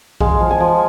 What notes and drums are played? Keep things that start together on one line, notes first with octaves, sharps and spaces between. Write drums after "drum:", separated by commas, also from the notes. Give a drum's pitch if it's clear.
G#3 F5, drum: kick A#1
F3
G#5
F3